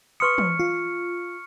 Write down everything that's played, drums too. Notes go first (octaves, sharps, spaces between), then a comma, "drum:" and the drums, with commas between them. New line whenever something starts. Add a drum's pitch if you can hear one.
B4 C6 C#6 D#6 F6 C#7
drum: tom E3
F4